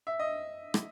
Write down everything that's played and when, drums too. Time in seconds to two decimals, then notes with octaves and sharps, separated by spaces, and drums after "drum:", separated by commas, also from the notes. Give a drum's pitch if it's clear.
0.07 E5
0.19 D#5
0.74 drum: rim click